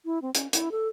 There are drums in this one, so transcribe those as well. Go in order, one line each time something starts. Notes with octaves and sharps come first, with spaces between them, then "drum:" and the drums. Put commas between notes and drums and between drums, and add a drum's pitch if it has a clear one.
E4
C4
C#4, drum: hi-hat
E4, drum: hi-hat
A4